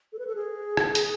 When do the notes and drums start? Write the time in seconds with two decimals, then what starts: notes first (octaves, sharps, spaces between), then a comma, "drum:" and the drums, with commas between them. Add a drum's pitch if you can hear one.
0.13 A4
0.19 B4
0.27 A4
0.35 G#4
0.77 drum: rim click
0.95 drum: hi-hat